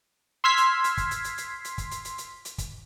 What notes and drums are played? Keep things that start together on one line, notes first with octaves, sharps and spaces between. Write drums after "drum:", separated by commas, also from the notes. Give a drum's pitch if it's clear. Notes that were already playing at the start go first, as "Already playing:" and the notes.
C6 E6 F6 G#6 B6 C7
drum: hi-hat
drum: hi-hat
drum: kick, hi-hat
drum: hi-hat
drum: hi-hat
drum: hi-hat
drum: hi-hat
drum: kick, hi-hat
drum: hi-hat
drum: hi-hat
drum: hi-hat
drum: hi-hat
drum: kick, hi-hat